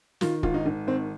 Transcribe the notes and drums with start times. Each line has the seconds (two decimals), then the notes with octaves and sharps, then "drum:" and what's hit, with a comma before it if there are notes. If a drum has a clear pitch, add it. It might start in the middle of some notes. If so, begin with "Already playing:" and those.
0.21 D#3 F4, drum: snare
0.43 G#1 F4, drum: kick
0.54 D#4
0.66 G#1
0.87 D#3 C4